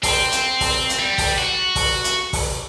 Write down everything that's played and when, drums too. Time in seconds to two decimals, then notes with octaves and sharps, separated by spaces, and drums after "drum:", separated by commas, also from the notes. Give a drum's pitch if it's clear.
0.03 C4, drum: kick, open hi-hat
0.32 drum: hi-hat
0.61 drum: kick, open hi-hat
0.89 drum: hi-hat
0.99 G3
1.18 drum: kick, open hi-hat
1.38 F#4
1.75 drum: kick, open hi-hat
2.04 drum: hi-hat
2.33 drum: kick, open hi-hat